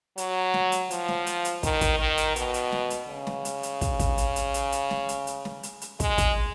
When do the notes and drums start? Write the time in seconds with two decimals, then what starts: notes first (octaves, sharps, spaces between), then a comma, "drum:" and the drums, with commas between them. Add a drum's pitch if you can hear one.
0.18 F#3, drum: hi-hat
0.54 drum: snare
0.72 drum: hi-hat
0.91 F3, drum: hi-hat
1.08 drum: snare
1.26 drum: hi-hat
1.45 drum: hi-hat
1.63 D#3, drum: kick, hi-hat
1.81 drum: kick, hi-hat
1.99 D#3
2.17 drum: hi-hat
2.36 B2, drum: hi-hat
2.54 drum: hi-hat
2.72 drum: snare
2.90 drum: hi-hat
3.08 C#3
3.27 drum: snare
3.45 drum: hi-hat
3.63 drum: hi-hat
3.81 drum: kick, hi-hat
3.99 drum: kick, hi-hat
4.18 drum: hi-hat
4.36 drum: hi-hat
4.54 drum: hi-hat
4.72 drum: hi-hat
4.90 drum: snare
5.09 drum: hi-hat
5.27 drum: hi-hat
5.45 drum: snare
5.63 drum: hi-hat
5.81 drum: hi-hat
6.00 G#3, drum: kick, hi-hat
6.18 drum: kick, hi-hat